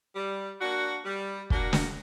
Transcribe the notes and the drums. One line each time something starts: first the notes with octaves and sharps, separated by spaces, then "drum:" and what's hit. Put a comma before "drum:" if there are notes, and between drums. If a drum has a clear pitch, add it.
G3
A#3 D4 F#4
G3
A#3 D4 F#4, drum: kick
drum: snare